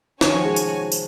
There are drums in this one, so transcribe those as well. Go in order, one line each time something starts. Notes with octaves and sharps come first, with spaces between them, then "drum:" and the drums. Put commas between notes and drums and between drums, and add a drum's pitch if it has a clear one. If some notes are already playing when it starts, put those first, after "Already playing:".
D#3 C#4 F#4 C#5 G#5, drum: snare
F3
G#3
drum: tambourine
drum: tambourine